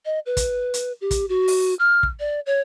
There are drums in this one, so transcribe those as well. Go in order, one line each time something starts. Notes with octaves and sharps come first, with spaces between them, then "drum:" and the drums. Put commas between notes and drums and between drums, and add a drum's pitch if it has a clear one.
D#5
B4
drum: kick, hi-hat
drum: hi-hat
G4
drum: kick, hi-hat
F#4
drum: open hi-hat
F6
drum: kick
D5
C#5